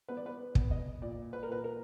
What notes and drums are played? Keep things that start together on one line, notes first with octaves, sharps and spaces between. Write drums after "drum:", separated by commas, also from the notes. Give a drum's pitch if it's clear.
B3 B4
D5
B4
B3, drum: kick
D#5
A#2 D5
B4
A#4
A#2 B4
A#4